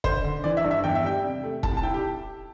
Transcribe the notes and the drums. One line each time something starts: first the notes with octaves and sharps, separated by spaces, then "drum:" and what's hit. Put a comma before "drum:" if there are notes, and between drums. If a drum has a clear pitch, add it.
D3 C5, drum: kick E1
D3
E3 D5
E5
G2
E5
E2 G5
E5
G3 G5
C3
A3
C2 A5, drum: kick E1
A5
E4 G5
G4